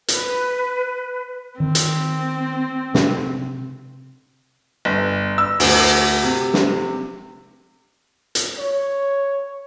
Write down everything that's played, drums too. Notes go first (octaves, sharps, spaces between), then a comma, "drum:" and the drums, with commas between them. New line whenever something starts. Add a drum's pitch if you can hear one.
B4, drum: hi-hat
D#3 C4
drum: hi-hat
C3, drum: snare
G1
E6
D2, drum: open hi-hat
C3
drum: snare
drum: hi-hat
C#5